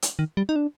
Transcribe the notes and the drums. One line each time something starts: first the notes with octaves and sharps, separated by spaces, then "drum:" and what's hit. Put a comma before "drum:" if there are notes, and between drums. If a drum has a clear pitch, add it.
drum: hi-hat
D#3
G3
D#4
D4